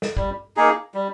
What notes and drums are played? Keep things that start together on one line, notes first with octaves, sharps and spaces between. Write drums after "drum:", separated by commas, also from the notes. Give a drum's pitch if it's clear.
drum: snare
G3, drum: kick
A#3 D#4 G#4
G3